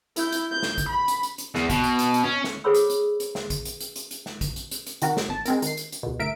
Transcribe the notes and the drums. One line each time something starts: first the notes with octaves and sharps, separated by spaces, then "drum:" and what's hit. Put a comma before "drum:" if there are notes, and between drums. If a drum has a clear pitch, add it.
E4 G6, drum: hi-hat
drum: hi-hat
G6
drum: snare
drum: kick, hi-hat
B5
drum: hi-hat
drum: hi-hat
drum: hi-hat
E2, drum: snare
B2, drum: kick, hi-hat
drum: hi-hat
drum: hi-hat
drum: hi-hat
C#4
drum: snare
G#4 A4 C5 C#5 B5 E6
drum: hi-hat
drum: hi-hat
drum: hi-hat
drum: snare
drum: kick, hi-hat
drum: hi-hat
drum: hi-hat
drum: hi-hat
drum: hi-hat
drum: snare
drum: kick, hi-hat
drum: hi-hat
drum: hi-hat
drum: hi-hat
C3 D#3 F#4 A#4, drum: hi-hat
drum: snare
G#1 A5
G#3 C4 A#4, drum: hi-hat
D#3 C7, drum: hi-hat
drum: hi-hat
drum: hi-hat
C#2 B2
G1 A2 A#4 E5 D7